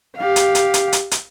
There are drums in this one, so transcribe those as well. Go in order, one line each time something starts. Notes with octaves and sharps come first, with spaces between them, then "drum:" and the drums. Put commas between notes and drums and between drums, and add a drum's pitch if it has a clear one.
G4 F5
drum: hi-hat
drum: hi-hat
drum: hi-hat
drum: hi-hat
drum: hi-hat